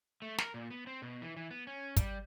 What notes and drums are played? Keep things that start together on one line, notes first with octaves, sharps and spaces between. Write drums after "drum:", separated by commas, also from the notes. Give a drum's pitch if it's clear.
A3
A#4, drum: snare
A#2
B3
C4
B2
E3
E3
B3
C#4
G3, drum: kick, hi-hat